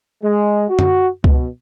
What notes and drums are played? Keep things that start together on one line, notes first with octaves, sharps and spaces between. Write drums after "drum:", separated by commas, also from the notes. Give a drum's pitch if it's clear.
G#3
F#4
drum: tom F#2
B2, drum: kick C#2